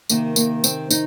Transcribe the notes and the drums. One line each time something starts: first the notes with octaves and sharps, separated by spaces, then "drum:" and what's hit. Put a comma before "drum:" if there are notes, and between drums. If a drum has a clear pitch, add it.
C3 D#3 A#3, drum: tambourine
A#3, drum: tambourine
C4, drum: tambourine
D#4, drum: tambourine